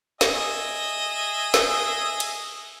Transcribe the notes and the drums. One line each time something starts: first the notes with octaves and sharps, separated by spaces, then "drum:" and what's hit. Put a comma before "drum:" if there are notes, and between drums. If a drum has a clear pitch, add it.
G#4 D#5 E5, drum: snare
drum: snare
drum: cymbal